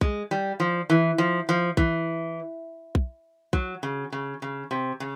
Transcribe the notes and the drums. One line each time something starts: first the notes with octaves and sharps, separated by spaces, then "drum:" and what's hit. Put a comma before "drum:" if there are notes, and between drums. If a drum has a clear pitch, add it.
G#3, drum: kick B1
G3
F3
E3
F3
F3
E3, drum: kick B1
drum: kick B1
F#3, drum: kick B1
C#3
C#3
C#3
C3
C#3